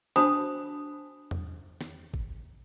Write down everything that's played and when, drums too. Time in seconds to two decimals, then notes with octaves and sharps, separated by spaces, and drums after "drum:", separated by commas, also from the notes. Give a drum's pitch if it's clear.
0.16 D4 F#4 C5 A5 B5 D#6, drum: snare
1.31 drum: tom E2
1.81 drum: snare
2.14 drum: kick